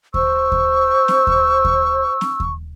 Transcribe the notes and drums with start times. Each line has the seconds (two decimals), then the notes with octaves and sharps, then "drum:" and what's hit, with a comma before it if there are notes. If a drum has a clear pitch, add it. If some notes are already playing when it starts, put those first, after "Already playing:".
0.14 C5 C#6 E6, drum: kick D#2
0.52 drum: kick D#2
1.08 drum: snare C4
1.27 drum: kick D#2
1.65 drum: kick D#2
2.21 drum: snare C4
2.40 drum: kick D#2